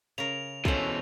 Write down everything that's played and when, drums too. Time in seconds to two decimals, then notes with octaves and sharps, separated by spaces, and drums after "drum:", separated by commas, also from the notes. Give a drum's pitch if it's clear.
0.18 C#3 A#4 F7
0.65 B2 E3 C#4 F4 A4 C5, drum: kick